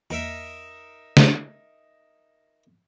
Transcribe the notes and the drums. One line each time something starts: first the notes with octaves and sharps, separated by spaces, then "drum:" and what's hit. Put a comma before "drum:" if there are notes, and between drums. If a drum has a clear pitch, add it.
E2 A#3 D#4 A#4 E5
drum: snare